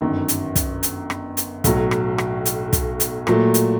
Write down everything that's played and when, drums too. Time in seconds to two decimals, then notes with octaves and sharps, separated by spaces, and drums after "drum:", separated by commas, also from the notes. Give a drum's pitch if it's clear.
0.01 G1 F#2 D#3
0.28 drum: hi-hat
0.56 drum: kick, hi-hat
0.83 drum: hi-hat
1.10 drum: rim click
1.37 drum: hi-hat
1.64 B1 A2 F#3, drum: kick, hi-hat
1.91 drum: rim click
2.18 drum: rim click
2.45 drum: hi-hat
2.73 drum: kick, hi-hat
3.00 drum: hi-hat
3.27 A#2 F#3 A3, drum: rim click
3.54 drum: hi-hat